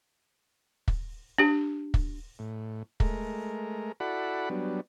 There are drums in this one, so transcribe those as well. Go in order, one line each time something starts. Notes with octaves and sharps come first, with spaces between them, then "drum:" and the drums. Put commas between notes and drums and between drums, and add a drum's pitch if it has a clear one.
drum: kick
D4 G4
drum: kick
A2
G#3 A3 A#4, drum: kick
E4 F#4 A4 D5 F#5 B5
F#3 G3 B3 D4